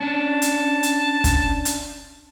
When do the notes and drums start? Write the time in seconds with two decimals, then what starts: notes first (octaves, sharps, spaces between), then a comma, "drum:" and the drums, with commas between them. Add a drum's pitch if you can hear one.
0.01 C#4 D4 A5
0.42 drum: hi-hat
0.83 drum: hi-hat
1.24 drum: kick, hi-hat
1.65 drum: hi-hat